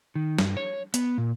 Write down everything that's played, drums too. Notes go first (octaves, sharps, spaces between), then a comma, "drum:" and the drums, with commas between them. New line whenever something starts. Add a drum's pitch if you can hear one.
D#3
G2, drum: snare
C#5
B3, drum: hi-hat
A#2